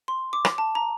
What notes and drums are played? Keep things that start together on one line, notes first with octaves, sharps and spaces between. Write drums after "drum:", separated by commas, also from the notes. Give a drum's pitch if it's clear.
C6
D6
drum: rim click
A5
A#5